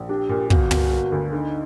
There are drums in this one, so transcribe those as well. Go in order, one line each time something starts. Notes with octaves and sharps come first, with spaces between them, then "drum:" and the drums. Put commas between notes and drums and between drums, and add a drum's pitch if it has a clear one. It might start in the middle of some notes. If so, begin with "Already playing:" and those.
Already playing: A#1
D4 G4
A#2
G1 F#4, drum: kick
G1, drum: tom
A#3
D2
D3 D#4